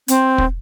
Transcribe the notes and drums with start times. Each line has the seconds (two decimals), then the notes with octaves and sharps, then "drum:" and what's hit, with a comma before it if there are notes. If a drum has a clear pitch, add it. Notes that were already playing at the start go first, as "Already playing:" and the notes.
0.08 C4, drum: hi-hat
0.38 drum: kick